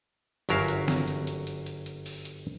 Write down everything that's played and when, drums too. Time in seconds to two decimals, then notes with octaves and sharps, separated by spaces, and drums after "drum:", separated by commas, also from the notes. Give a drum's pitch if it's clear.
0.49 G1 F#2 F#3 A#4 E5 F5, drum: open hi-hat
0.68 drum: hi-hat
0.88 drum: snare
1.08 drum: hi-hat
1.27 drum: hi-hat
1.47 drum: hi-hat
1.66 drum: hi-hat
1.86 drum: hi-hat
2.06 drum: open hi-hat
2.25 drum: hi-hat